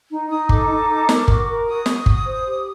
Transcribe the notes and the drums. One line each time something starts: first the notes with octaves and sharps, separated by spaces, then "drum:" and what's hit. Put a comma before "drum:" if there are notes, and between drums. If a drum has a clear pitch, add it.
D#4
D#4 D#6
A4 D6, drum: kick G1
D#4
A4
A#4, drum: snare
F#4, drum: kick G1
A#4
F#4 D#6
F#4, drum: snare
F#4, drum: kick G1
C5
G4